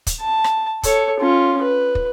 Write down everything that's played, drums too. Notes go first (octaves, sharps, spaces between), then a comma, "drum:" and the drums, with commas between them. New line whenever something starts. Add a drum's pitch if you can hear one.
drum: kick, hi-hat
A5
drum: rim click
A4 C#5, drum: kick, hi-hat
C#4 F4
B4
drum: kick